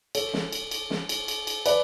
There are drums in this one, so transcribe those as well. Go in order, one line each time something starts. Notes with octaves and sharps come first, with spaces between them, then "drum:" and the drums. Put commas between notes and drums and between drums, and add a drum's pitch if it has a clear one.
A4 C#5, drum: cymbal
drum: snare
drum: cymbal
drum: cymbal
drum: snare
drum: cymbal
drum: cymbal
drum: cymbal
B4 D5, drum: cymbal